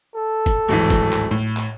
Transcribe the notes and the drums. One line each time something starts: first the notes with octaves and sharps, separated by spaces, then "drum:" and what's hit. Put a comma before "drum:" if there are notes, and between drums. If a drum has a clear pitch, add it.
A4
drum: kick, hi-hat
D1 G#1 E3
drum: kick, hi-hat
drum: clap
A2
drum: clap